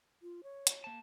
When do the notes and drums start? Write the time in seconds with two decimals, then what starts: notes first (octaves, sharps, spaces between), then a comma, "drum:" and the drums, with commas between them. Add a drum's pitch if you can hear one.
0.22 F4
0.43 C#5
0.67 drum: hi-hat
0.84 A#3 A5